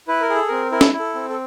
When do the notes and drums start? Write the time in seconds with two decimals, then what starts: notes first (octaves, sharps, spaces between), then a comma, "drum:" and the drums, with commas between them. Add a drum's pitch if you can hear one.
0.08 E4 B4
0.21 A#4
0.30 G#4
0.35 A4
0.48 C4 A#4
0.72 E4 A#4
0.81 A4, drum: snare C#4
0.93 E4
0.99 A4
1.14 C4
1.29 A4